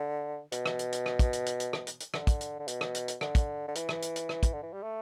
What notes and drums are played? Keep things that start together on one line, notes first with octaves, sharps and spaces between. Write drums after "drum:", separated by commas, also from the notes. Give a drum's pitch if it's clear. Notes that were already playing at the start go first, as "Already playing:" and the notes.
Already playing: D3
B2, drum: hi-hat
drum: rim click
drum: hi-hat
drum: hi-hat
drum: rim click
drum: kick, hi-hat
drum: hi-hat
drum: hi-hat
drum: hi-hat
drum: rim click
drum: hi-hat
drum: hi-hat
D3, drum: rim click
drum: kick, hi-hat
drum: hi-hat
D3
B2, drum: hi-hat
drum: rim click
drum: hi-hat
drum: hi-hat
D3, drum: rim click
drum: kick, hi-hat
D3
E3, drum: hi-hat
drum: rim click
drum: hi-hat
drum: hi-hat
drum: rim click
drum: kick, hi-hat
D3
E3
G3
A3